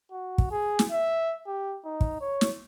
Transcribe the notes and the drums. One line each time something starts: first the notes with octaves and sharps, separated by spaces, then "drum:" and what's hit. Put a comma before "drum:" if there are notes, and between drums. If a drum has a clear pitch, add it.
F#4
drum: kick
G#4
drum: snare
E5
G4
D#4
drum: kick
C#5
drum: snare